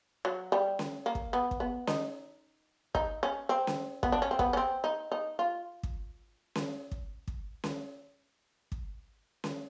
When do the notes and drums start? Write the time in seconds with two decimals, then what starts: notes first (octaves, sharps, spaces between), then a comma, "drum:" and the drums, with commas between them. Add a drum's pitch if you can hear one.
0.25 F#3
0.52 G3
0.79 drum: snare C#4
1.06 A#3
1.15 drum: kick
1.33 B3
1.51 drum: kick
1.60 B3
1.87 D#4, drum: snare C#4
2.95 D#4, drum: kick
3.23 C#4
3.49 C4
3.67 drum: snare C#4
4.03 B3, drum: kick
4.12 D4
4.22 C#4
4.31 C4
4.39 B3, drum: kick
4.53 C#4
4.57 C4
4.84 D#4
5.12 D#4
5.39 F4
5.83 drum: kick
6.55 drum: snare C#4
6.91 drum: kick
7.28 drum: kick
7.64 drum: snare C#4
8.72 drum: kick
9.44 drum: snare C#4